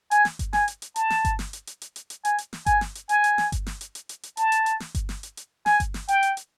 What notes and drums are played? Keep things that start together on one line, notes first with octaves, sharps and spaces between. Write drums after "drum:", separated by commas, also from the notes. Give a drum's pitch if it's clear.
G#5, drum: hi-hat
drum: snare
drum: kick G1, hi-hat
G#5, drum: snare
drum: hi-hat
drum: hi-hat
A5, drum: hi-hat
drum: snare
drum: kick G1, hi-hat
drum: snare
drum: hi-hat
drum: hi-hat
drum: hi-hat
drum: hi-hat
drum: hi-hat
G#5, drum: hi-hat
drum: hi-hat
drum: snare
G#5, drum: kick G1, hi-hat
drum: snare
drum: hi-hat
G#5, drum: hi-hat
drum: hi-hat
drum: snare
drum: kick G1, hi-hat
drum: snare
drum: hi-hat
drum: hi-hat
drum: hi-hat
drum: hi-hat
A5, drum: hi-hat
drum: hi-hat
drum: hi-hat
drum: snare
drum: kick G1, hi-hat
drum: snare
drum: hi-hat
drum: hi-hat
G#5, drum: snare
drum: kick G1, hi-hat
drum: snare
G5, drum: hi-hat
drum: hi-hat
drum: hi-hat